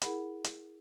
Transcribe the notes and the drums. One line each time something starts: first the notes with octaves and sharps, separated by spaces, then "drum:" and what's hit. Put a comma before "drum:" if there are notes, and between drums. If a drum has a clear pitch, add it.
E4 G#4 A#4 F#5 B5, drum: hi-hat
drum: hi-hat